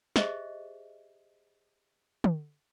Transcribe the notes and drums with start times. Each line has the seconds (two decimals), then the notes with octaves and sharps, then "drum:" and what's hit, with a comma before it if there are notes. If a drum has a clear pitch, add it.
0.16 G4 G#4 C5 D#5 E5, drum: snare
2.24 drum: tom